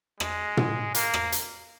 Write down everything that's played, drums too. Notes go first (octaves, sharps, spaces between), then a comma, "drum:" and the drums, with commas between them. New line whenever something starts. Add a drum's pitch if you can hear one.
G#3, drum: rim click
drum: tom
A#3, drum: hi-hat
drum: rim click
drum: hi-hat